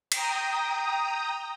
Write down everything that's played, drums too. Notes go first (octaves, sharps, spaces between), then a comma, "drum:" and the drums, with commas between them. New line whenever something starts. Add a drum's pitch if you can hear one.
G5 A#5 D#6, drum: cymbal